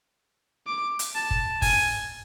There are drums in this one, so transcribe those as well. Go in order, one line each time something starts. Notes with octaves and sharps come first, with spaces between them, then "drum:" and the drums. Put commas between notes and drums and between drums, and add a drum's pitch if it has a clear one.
D6
drum: hi-hat
A5
drum: kick F#1
G#5, drum: kick F#1, open hi-hat